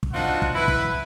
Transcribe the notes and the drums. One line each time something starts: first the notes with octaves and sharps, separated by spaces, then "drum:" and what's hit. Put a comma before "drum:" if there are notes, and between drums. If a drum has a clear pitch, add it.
drum: kick
C4 D4 D#4 F4 F#4 F#5
drum: kick
E4 B4
drum: kick